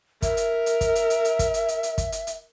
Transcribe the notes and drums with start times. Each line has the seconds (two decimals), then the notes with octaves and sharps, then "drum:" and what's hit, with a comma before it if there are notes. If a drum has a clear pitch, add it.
0.22 A#4 E5, drum: kick, hi-hat
0.37 drum: hi-hat
0.66 drum: hi-hat
0.81 drum: kick, hi-hat
0.95 drum: hi-hat
1.10 drum: hi-hat
1.25 drum: hi-hat
1.39 drum: kick, hi-hat
1.54 drum: hi-hat
1.68 drum: hi-hat
1.83 drum: hi-hat
1.98 drum: kick, hi-hat
2.12 drum: hi-hat
2.27 drum: hi-hat